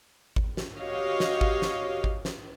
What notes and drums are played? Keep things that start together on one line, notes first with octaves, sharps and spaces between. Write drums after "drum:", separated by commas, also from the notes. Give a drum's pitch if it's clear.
drum: kick G#1
drum: snare
F#4 G4 C#5 D#5 F5
drum: snare
drum: kick G#1
drum: snare
drum: kick G#1
drum: snare